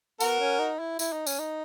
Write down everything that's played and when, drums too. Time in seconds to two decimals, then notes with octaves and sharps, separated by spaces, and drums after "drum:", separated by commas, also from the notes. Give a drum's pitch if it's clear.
0.20 B3 F#4 A#4, drum: tambourine
0.40 C#4
0.59 D#4
0.79 E4
0.99 E4, drum: tambourine
1.12 D#4
1.27 C#4, drum: tambourine
1.39 D#4